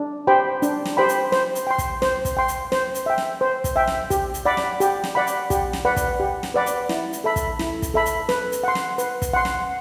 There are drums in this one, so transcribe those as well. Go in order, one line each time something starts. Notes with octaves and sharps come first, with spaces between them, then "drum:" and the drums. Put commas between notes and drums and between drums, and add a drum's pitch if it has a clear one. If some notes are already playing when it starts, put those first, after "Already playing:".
Already playing: D4
G4 C5 G5 B5
D4, drum: hi-hat
drum: snare
G4 C5 G5 B5
drum: hi-hat
C5, drum: snare
drum: hi-hat
G5 C6
drum: kick, hi-hat
C5, drum: snare
drum: kick, hi-hat
G5 C6
drum: hi-hat
C5, drum: snare
drum: hi-hat
E5 G5
drum: snare
C5
drum: kick, hi-hat
E5 G5
drum: snare
G4, drum: kick, hi-hat
drum: hi-hat
D5 F#5 B5
drum: snare
G4, drum: hi-hat
drum: snare
D5 F#5 B5
drum: hi-hat
G4, drum: kick, hi-hat
drum: snare
B4 D5 F#5 B5
drum: kick, hi-hat
G4
drum: snare
B4 D5 F#5 B5
drum: hi-hat
E4, drum: snare
drum: hi-hat
A4 E5 B5
drum: kick, hi-hat
E4, drum: snare
drum: kick, hi-hat
A4 E5 B5
drum: hi-hat
B4, drum: snare
drum: hi-hat
F#5 C6
drum: snare
B4, drum: hi-hat
drum: kick, hi-hat
F#5 C6
drum: snare